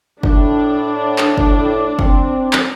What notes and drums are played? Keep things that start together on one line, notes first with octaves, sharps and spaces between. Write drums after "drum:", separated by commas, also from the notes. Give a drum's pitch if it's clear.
A2 D4, drum: kick F#1
drum: clap
A2, drum: kick F#1
C4, drum: kick F#1
drum: clap